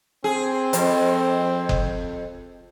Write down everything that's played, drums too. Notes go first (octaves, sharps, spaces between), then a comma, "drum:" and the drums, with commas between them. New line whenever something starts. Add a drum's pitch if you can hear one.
C4 G#4
F2, drum: hi-hat
drum: kick F#1